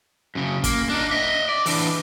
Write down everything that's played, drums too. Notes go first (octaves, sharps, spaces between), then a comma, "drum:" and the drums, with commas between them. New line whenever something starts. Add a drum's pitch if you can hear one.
F#2 C#3
A#3, drum: kick, hi-hat
D4 D#4
D#5 E5
D5
E3 D4, drum: open hi-hat